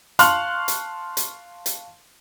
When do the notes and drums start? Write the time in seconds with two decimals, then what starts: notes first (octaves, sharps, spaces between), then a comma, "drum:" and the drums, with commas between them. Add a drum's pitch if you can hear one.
0.19 F5 A5 C6 C#6 F6 F#6, drum: hi-hat
0.68 drum: hi-hat
1.17 drum: hi-hat
1.66 drum: hi-hat